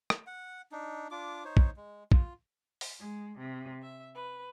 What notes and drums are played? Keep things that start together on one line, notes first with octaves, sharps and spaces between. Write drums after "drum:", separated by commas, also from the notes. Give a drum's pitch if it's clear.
drum: rim click
F#5
D4 D#4
D4 F4 D6
D#4 C5 C#5
drum: kick A#1
G#3
F4, drum: kick A#1
drum: open hi-hat
G#3
C3
E5
B4